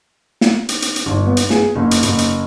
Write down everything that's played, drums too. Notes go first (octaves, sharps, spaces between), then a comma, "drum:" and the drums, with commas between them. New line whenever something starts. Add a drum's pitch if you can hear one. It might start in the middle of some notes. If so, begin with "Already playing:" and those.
drum: snare
drum: hi-hat
drum: hi-hat
drum: hi-hat
G1
B3
drum: hi-hat
G#4, drum: snare
F#1
drum: hi-hat
F#1, drum: hi-hat
drum: hi-hat